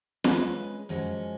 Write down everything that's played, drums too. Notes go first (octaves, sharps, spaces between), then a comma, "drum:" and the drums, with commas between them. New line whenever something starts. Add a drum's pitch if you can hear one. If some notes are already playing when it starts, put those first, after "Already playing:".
G#3 C#4 G#4 B4, drum: snare
F#2 F3 G#3 C#4